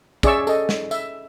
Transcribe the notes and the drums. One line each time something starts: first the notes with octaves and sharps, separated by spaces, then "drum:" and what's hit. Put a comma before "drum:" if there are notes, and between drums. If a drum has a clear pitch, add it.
C#4 G#4 D5 E5 C#6 E6, drum: kick, tambourine
A4 D#5, drum: tambourine
drum: snare
E5, drum: tambourine